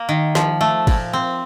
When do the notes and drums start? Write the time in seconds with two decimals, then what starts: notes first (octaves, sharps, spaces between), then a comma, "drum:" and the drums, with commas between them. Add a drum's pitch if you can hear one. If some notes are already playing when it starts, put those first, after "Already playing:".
Already playing: A#3
0.09 D#3
0.35 F3, drum: snare
0.61 A3
0.87 A#2, drum: kick, cymbal
1.13 C4